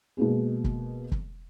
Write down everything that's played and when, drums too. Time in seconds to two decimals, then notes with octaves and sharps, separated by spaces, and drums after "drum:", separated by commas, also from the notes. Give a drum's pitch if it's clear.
0.17 B2 G#3 A#3 B3 G#4
0.64 drum: kick
1.12 drum: kick